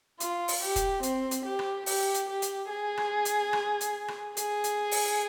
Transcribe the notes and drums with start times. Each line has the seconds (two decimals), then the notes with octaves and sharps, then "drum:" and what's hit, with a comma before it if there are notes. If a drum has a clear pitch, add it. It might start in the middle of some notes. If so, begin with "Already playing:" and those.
0.20 F4, drum: hi-hat
0.48 drum: open hi-hat
0.62 G4
0.76 drum: kick, hi-hat
1.03 C4, drum: hi-hat
1.31 drum: hi-hat
1.45 G4
1.59 drum: rim click
1.86 G4, drum: open hi-hat
2.14 drum: hi-hat
2.29 G4
2.42 drum: hi-hat
2.70 G#4
2.97 drum: rim click
3.25 drum: hi-hat
3.53 drum: rim click
3.81 drum: hi-hat
4.08 drum: rim click
4.37 G#4, drum: hi-hat
4.64 drum: hi-hat
4.91 drum: open hi-hat